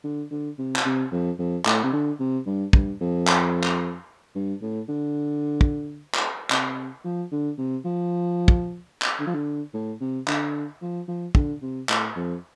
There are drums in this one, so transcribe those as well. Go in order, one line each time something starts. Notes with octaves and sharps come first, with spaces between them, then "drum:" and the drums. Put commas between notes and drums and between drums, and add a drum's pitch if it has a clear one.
D3
D3
C3
drum: clap
C3
F2
F2
A2, drum: clap
C3
D3
C3
G2
G2, drum: kick
F2
drum: clap
drum: clap
G2
A2
D3
drum: kick
drum: clap
C3, drum: clap
F3
D3
C3
F3
drum: kick
drum: clap
D3
F3
D3
A2
C3
D3, drum: clap
F3
F3
D3, drum: kick
C3
A2, drum: clap
F2